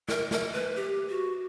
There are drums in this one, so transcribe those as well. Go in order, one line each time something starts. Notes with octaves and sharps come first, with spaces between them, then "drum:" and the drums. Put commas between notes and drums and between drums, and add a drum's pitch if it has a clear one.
A#4, drum: snare
A#4, drum: snare
B4
G4
F#4